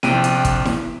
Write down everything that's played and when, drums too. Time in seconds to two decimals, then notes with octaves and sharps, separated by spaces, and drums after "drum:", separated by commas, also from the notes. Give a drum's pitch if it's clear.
0.03 A#1 C3 G5 D7 D#7, drum: snare E4
0.24 drum: hi-hat
0.45 drum: kick, hi-hat
0.65 drum: snare E4